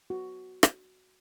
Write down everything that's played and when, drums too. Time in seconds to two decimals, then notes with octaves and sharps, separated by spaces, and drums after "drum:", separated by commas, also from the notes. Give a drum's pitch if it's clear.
0.10 F#4
0.63 drum: rim click